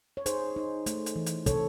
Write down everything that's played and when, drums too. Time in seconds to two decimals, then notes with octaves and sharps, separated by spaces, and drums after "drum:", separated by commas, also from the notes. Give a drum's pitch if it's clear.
0.17 C#5
0.26 D#4 G#4 C5, drum: hi-hat
0.56 D#4
0.86 A3, drum: hi-hat
1.06 drum: hi-hat
1.16 E3
1.26 drum: hi-hat
1.46 C3 A4 C#5, drum: kick, hi-hat